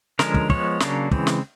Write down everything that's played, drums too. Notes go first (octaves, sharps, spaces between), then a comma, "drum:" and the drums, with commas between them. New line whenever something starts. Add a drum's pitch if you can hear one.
D3 F3 G#3 C#4 A#4, drum: snare
drum: kick
F3 G#3 B3 C#5, drum: kick
C#3 F#3 A#3 D4, drum: snare
C#3 E3 G#3 C4, drum: kick
drum: snare